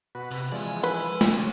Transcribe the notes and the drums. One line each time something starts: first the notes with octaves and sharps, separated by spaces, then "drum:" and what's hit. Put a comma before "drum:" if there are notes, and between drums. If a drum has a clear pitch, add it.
B2 F#4 B4
C3
E3 F3 G#3 D5 G#5
E4 B4 G#5
drum: snare
D2 C#5